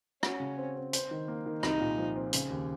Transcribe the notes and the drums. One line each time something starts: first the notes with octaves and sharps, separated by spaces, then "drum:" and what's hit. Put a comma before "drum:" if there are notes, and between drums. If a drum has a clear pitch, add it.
C#4 F#4, drum: rim click
C#3
C4
C4
C5, drum: hi-hat
D#3
A#3
D#3
C2 D#4, drum: rim click
A#2
F3
C4
C#3, drum: hi-hat
D#2